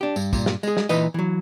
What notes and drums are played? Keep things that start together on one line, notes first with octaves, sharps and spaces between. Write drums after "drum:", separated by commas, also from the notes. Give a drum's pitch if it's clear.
D4 G4
G2, drum: tambourine
G2 A#2, drum: kick, tambourine
drum: snare
G#3 G#4, drum: tambourine
drum: snare
A#2 E3 D#4 B4 D#5, drum: tambourine
E3 F#3